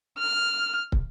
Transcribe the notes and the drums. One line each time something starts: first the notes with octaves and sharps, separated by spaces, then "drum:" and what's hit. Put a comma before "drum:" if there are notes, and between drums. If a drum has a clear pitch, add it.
F6
drum: kick